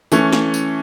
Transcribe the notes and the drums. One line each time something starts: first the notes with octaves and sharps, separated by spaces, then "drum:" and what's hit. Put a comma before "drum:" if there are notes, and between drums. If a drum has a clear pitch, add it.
E3 A3 C#4, drum: tambourine
drum: snare
drum: tambourine